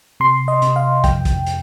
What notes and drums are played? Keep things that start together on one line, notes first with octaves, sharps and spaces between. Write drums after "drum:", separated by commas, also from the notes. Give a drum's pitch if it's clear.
C3 C6
D#5
C3, drum: hi-hat
F5
F2 G5, drum: kick, hi-hat
drum: kick, hi-hat
drum: hi-hat